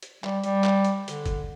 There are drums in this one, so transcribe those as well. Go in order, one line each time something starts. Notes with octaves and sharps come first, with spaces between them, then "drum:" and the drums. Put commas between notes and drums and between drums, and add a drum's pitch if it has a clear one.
drum: hi-hat
G3, drum: clap
G3, drum: hi-hat
drum: clap
drum: hi-hat
D3, drum: hi-hat
drum: kick, hi-hat